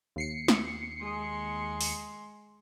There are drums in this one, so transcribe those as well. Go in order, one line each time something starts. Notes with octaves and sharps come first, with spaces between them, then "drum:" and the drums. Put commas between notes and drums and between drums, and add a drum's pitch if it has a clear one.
D#2 C7 C#7
drum: snare
G#3 C6
drum: open hi-hat